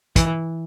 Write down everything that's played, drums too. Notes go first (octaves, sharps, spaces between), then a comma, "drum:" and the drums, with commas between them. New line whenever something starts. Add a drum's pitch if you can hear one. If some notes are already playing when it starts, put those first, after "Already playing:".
E3, drum: kick, hi-hat